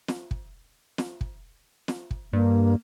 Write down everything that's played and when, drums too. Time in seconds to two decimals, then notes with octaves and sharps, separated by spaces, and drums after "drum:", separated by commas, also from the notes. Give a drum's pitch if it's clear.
0.08 drum: snare
0.31 drum: kick
0.98 drum: snare
1.21 drum: kick
1.88 drum: snare
2.11 drum: kick
2.33 G2 A#3